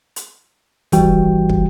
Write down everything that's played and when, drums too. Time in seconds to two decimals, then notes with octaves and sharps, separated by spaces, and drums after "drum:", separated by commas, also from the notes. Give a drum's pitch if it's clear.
0.16 drum: hi-hat
0.92 G#1 E3 G3 F#4 G5, drum: kick, hi-hat
1.49 drum: kick